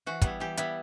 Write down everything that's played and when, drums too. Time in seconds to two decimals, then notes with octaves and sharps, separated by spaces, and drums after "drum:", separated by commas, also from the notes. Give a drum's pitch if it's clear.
0.06 E3 F#4
0.22 G3 B3 E4, drum: kick, hi-hat
0.40 E3 G4
0.57 G3 B3 E4, drum: hi-hat